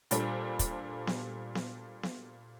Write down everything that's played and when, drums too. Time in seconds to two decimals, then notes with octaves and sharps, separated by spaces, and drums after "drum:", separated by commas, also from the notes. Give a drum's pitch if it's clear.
0.11 A#2 G3 D4 A4 C5, drum: hi-hat
0.59 drum: kick, hi-hat
1.07 drum: snare B3
1.55 drum: snare B3
2.03 drum: snare B3